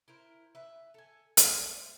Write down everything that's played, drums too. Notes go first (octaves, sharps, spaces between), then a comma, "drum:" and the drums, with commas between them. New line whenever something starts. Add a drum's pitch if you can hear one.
E4 A#4 C5
B4 E5
A4 G#5
E4 G#4 C5, drum: hi-hat
C5 E5